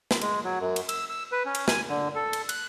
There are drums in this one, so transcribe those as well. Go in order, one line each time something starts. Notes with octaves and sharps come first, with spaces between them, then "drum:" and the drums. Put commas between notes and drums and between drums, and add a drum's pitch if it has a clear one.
drum: snare
G#3, drum: cymbal
F#3
F#2
drum: cymbal
E6, drum: cymbal
E6
B4
C#4
drum: cymbal
G#5, drum: snare
D3
A4
drum: cymbal
F#6, drum: cymbal